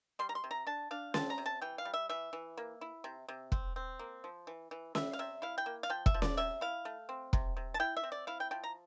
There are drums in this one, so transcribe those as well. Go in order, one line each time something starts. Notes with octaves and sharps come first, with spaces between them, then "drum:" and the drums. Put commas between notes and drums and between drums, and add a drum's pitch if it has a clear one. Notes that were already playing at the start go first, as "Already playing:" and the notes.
G3 C6
A#5
C6
C3
A#5
D4 A5
D4 F5
C4 A5, drum: snare C#4
A#5
C3
A5
E3 G5
F5
G3
E5
E3 E5
E3
A#3
E4
C3
C3
C4, drum: kick
C4
A#3
F3
E3
E3
G3 E5, drum: snare C#4
F5
C3 E5
E4 F5
G5
A#3
F5
F3 G5
E5, drum: kick
F3
D5, drum: snare C#4
C3 E5
E4 F5
A3
C4
C3, drum: kick
C3
A5
E4 G5
E5
C4
D5
E4 F5
G5
F3 G5
A#5